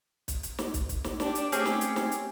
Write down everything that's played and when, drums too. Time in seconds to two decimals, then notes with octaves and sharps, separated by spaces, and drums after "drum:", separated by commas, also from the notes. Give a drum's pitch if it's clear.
0.28 drum: kick, hi-hat
0.43 drum: hi-hat
0.59 drum: snare
0.74 drum: kick, hi-hat
0.89 drum: kick, hi-hat
1.04 drum: snare
1.20 D4 G4, drum: snare
1.35 drum: hi-hat
1.52 A3 C4 C#4 G4 G#4, drum: hi-hat
1.66 drum: snare
1.81 drum: hi-hat
1.96 drum: snare
2.12 drum: hi-hat